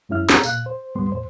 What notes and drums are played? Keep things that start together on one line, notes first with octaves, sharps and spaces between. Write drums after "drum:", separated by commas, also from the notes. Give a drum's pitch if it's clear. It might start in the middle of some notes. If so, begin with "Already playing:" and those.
F#2 G#3 C#4 E4 E5 F6
G#4 A4 A#5, drum: snare
A#2 F5 F#6, drum: tambourine
C5
D2 G#2 G3 B3 C6
E2 A2 C5